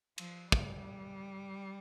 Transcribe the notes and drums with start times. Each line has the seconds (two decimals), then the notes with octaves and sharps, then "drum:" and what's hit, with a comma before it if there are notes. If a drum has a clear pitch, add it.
0.18 F3, drum: cymbal
0.52 G3, drum: kick